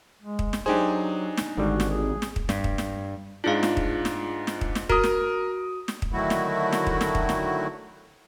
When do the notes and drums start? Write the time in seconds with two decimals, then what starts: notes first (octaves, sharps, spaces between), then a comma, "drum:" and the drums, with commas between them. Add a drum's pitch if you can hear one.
0.22 G#3
0.39 drum: kick
0.53 drum: snare
0.66 F#3 D4 D#4 G4 G#4 C5
1.37 drum: snare
1.57 G#1 G#2 D3 G3 F#4
1.80 drum: snare
1.90 G#4
2.22 drum: snare
2.36 drum: kick
2.49 G2, drum: snare
2.64 drum: kick
2.78 drum: snare
3.44 G#2 D4 F4 G#4 F5
3.63 drum: snare
3.77 drum: kick
4.05 drum: snare
4.47 drum: snare
4.61 drum: kick
4.75 drum: snare
4.89 F#4 A#4 D#6, drum: kick
5.04 drum: snare
5.88 drum: snare
6.02 drum: kick
6.13 D3 D#3 F#3 A3 E4 F#4
6.30 drum: snare
6.73 drum: snare
6.87 drum: kick
7.01 drum: snare
7.15 drum: kick
7.29 drum: snare